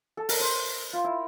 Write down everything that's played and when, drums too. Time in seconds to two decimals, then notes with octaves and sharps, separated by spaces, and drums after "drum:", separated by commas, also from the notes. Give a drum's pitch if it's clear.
0.17 A4
0.29 A#4, drum: open hi-hat
0.40 C5
0.93 F4
1.04 E4